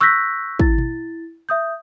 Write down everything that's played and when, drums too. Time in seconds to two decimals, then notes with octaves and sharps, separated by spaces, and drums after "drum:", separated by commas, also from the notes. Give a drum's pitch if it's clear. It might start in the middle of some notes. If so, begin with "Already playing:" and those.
0.01 C#6 E6 F#6 G6 A#6 B6
0.59 E4 A6, drum: kick
0.78 drum: tom A#2
1.49 E5 D#6 G6